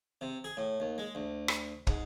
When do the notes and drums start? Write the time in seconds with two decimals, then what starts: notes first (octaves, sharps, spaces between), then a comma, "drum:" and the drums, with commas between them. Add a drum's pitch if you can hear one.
0.21 C3
0.44 G#4
0.57 A2
0.80 D#2
0.98 G#3
1.15 D2
1.48 drum: rim click
1.87 G#2, drum: kick